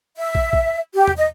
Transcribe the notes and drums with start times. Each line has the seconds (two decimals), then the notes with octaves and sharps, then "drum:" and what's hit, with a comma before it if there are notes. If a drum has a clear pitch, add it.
0.17 E5
0.35 drum: kick
0.53 drum: kick
0.94 G4
1.07 drum: tom E2
1.17 D#5